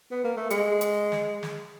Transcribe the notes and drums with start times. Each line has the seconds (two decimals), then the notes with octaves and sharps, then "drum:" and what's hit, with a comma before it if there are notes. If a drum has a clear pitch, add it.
0.11 B3
0.24 A#3
0.37 A3
0.50 G#3, drum: hi-hat
0.81 drum: hi-hat
1.12 drum: snare
1.43 drum: snare